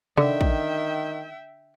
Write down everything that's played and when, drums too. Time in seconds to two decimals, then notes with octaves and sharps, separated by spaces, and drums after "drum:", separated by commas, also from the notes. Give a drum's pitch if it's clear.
0.17 D3 D#3 E5 G5, drum: tom C3
0.41 drum: kick